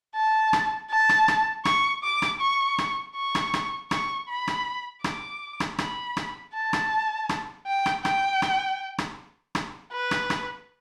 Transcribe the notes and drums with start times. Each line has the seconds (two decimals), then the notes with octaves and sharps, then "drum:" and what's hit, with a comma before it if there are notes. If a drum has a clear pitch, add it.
0.16 A5
0.53 drum: rim click
0.91 A5
1.09 drum: rim click
1.28 drum: rim click
1.65 C#6, drum: rim click
2.04 D6
2.22 drum: rim click
2.41 C#6
2.78 drum: rim click
3.16 C#6
3.35 drum: rim click
3.54 drum: rim click
3.91 C#6, drum: rim click
4.28 B5
4.48 drum: rim click
5.04 D6, drum: rim click
5.60 drum: rim click
5.78 B5, drum: rim click
6.17 drum: rim click
6.54 A5
6.73 drum: rim click
7.29 drum: rim click
7.67 G5
7.86 drum: rim click
8.05 G5, drum: rim click
8.42 drum: rim click
8.98 drum: rim click
9.55 drum: rim click
9.93 B4
10.11 drum: rim click
10.30 drum: rim click